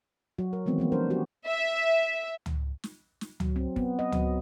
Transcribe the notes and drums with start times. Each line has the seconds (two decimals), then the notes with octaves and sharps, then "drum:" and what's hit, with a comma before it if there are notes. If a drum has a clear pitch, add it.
0.38 F#3 F#4
0.53 A#4
0.66 D#3 E3 G#3 B3 C4
0.78 F3 A#3 B3
0.92 D4 A#4 C5
1.10 F#4 G4
1.47 E5
2.46 drum: tom C#2
2.84 drum: snare
3.21 drum: snare
3.40 F#3, drum: tom C#2
3.56 C4
3.76 B3, drum: kick
3.99 D#5
4.12 F#3, drum: tom C#2